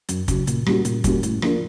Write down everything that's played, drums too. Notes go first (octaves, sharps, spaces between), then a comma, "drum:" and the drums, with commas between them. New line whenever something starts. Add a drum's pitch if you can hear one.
F#2, drum: hi-hat
C#3 F#3, drum: kick, hi-hat
A#2, drum: hi-hat
G3 A#3 C#4 F#4, drum: rim click
A#2, drum: hi-hat
G3 A#3 C#4 F#4, drum: kick, hi-hat
A2, drum: hi-hat
F3 A#3 D4 F4, drum: rim click